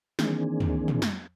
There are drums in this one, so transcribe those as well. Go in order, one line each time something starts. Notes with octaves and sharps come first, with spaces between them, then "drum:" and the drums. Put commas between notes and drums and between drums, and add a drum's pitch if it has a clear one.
D#3 E3 A#3 C4 D4 G#4, drum: snare
drum: tom
drum: tom
drum: snare